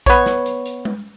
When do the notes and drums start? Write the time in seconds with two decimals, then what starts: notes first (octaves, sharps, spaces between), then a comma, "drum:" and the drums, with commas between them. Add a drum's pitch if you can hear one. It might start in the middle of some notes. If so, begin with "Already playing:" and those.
0.06 B3 C#5, drum: kick A#1, hi-hat
0.26 drum: snare
0.46 drum: hi-hat
0.66 drum: hi-hat
0.85 drum: tom G#3